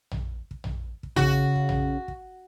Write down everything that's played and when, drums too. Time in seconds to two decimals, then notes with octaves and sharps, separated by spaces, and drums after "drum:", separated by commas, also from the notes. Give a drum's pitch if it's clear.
0.11 drum: tom A#1
0.51 drum: kick
0.64 drum: tom A#1
1.03 drum: kick
1.16 C#3 F#4, drum: tom A#1
1.56 drum: kick
1.69 drum: tom A#1
2.08 drum: kick